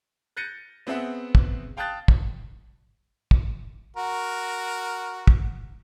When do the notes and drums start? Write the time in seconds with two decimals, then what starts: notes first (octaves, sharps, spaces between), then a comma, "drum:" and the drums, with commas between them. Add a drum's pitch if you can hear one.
0.37 F#6 G6 A6 A#6 C#7 D#7
0.87 B3 C4 G#4 E5 F#5
1.35 drum: kick
1.77 F5 G5 A5 D#6 F#6 A6
2.08 drum: kick
3.31 drum: kick
3.97 F#4 A#4
5.27 drum: kick